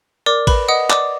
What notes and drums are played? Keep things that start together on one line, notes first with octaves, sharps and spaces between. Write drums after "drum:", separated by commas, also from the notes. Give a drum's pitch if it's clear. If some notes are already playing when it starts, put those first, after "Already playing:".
A#4 D5 D6
B4 B5, drum: kick A1, cymbal
D#5 F#5 D#6
D5 D6, drum: clap